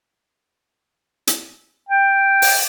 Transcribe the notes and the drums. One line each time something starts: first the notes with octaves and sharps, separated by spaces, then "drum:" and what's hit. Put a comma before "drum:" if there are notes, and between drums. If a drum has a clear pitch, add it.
drum: hi-hat
G5
drum: open hi-hat